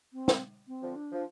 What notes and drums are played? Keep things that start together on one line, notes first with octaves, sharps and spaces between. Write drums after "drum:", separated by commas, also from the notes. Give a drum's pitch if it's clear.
C4
drum: snare
C4
D3 F3
D4
F3